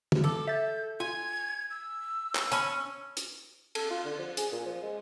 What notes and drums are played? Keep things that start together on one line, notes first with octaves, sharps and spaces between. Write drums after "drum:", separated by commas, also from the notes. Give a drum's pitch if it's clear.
drum: tom
A4 D6
E5 G6 A6
F4 G#5 G#6
E6
drum: clap
C#4 G#5 A5 B5, drum: hi-hat
drum: hi-hat
A4, drum: cymbal
F4
D3
F3
G#4, drum: hi-hat
A#2
F3
G#3